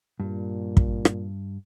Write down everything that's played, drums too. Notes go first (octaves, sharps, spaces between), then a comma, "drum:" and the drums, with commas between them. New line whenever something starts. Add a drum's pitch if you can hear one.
G2 A#2
drum: kick
drum: rim click